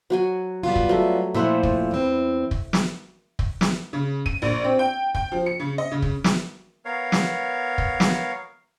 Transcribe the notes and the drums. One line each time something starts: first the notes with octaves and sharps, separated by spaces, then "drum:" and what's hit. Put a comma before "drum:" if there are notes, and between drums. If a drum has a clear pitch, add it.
F#3 F#4 G#5
G3 B3 F4
drum: kick
F#3 A3
A#2 F3 A3 E4 C5 F#5
drum: kick
E2 C4
drum: kick
drum: snare
drum: kick
drum: snare
C#3
D#7, drum: kick
A#1
C4
G5
G5, drum: kick
F3
C#7
C#3
D#5
C#3
drum: kick
drum: snare
B3 A#4 C#5 F5
drum: snare
drum: kick
drum: snare